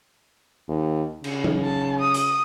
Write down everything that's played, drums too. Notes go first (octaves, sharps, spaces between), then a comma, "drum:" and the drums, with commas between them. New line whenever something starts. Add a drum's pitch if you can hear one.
D#2
C#3, drum: cymbal
drum: tom F#3
A5
D#6
drum: hi-hat